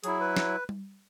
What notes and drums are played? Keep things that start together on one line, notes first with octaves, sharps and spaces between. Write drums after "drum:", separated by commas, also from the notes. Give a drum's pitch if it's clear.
F#3 E4 G#4, drum: hi-hat
B4
drum: snare
drum: tom G3